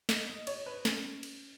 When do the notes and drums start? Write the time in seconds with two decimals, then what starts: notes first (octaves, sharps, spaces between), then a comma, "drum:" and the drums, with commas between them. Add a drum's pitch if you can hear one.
0.09 D#5, drum: snare
0.28 D#5
0.47 C#5, drum: cymbal
0.66 B4
0.85 C#4, drum: snare
1.23 drum: cymbal